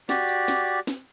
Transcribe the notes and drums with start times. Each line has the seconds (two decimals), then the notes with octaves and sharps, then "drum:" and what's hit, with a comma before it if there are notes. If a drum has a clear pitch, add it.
0.09 F#4 G4 D5, drum: snare
0.29 drum: tambourine
0.48 drum: snare
0.68 drum: tambourine
0.87 drum: snare